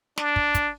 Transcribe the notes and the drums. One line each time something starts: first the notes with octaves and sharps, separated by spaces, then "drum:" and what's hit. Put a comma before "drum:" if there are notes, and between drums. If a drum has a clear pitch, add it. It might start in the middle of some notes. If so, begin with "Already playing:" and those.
D4, drum: snare
drum: kick
drum: kick, hi-hat